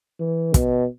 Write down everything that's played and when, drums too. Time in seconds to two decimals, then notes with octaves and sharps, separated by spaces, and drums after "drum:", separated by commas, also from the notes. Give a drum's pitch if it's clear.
0.20 E3
0.54 B2, drum: kick, hi-hat